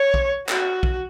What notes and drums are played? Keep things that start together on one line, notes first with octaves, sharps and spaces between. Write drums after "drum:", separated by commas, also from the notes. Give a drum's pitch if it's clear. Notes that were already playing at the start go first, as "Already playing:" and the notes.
Already playing: C#5
drum: kick B1
F#4, drum: clap
drum: kick B1